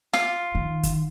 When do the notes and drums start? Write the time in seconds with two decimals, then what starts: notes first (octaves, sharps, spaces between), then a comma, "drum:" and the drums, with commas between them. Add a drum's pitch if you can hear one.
0.14 F4, drum: snare
0.55 D#3
0.83 drum: kick, hi-hat